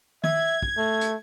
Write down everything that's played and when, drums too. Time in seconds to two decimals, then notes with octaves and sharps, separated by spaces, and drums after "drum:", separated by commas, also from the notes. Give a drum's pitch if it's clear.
0.24 E5 G#6, drum: tom D#3
0.62 drum: kick
0.77 A3
1.01 drum: hi-hat